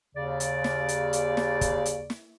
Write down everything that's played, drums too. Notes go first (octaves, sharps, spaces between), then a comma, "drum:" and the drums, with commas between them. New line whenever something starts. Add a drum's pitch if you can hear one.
D#2 C#3 D5
drum: hi-hat
drum: snare
drum: hi-hat
drum: hi-hat
drum: snare
drum: kick, hi-hat
drum: hi-hat
drum: snare